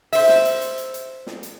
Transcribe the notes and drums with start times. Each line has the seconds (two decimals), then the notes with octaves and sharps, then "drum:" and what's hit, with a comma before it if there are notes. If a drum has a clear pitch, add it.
0.13 C5 E5, drum: open hi-hat
0.29 drum: snare
0.45 drum: hi-hat
0.61 drum: hi-hat
0.78 drum: hi-hat
0.94 drum: hi-hat
1.27 drum: snare
1.43 drum: hi-hat